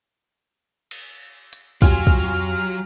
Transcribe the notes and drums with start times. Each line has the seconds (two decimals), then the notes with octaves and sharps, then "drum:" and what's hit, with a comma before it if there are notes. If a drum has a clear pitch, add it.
0.91 drum: cymbal
1.53 drum: hi-hat
1.82 F2 F#3 F4 G4 G#5 F6, drum: kick
2.07 drum: kick